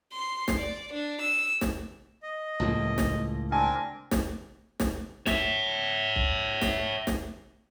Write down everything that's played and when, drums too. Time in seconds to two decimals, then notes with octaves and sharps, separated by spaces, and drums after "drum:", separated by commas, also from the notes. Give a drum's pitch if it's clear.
0.13 C6
0.48 drum: snare
0.58 D5
0.93 D4
1.22 E6
1.61 drum: snare
2.23 D#5
2.60 C#2 A2 F3 A#3
2.98 drum: snare
3.51 C4 D4 A#4 G#5 A5
4.11 drum: snare
4.80 drum: snare
5.26 C#5 E5, drum: snare
6.16 drum: kick B1
6.61 drum: snare
7.07 drum: snare